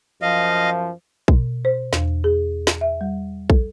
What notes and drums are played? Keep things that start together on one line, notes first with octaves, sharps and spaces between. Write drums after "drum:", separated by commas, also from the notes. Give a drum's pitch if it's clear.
F#2 F3 D#5 F5
B2, drum: kick
C5
E2, drum: snare
G#4
drum: snare
E5
G3
A4, drum: kick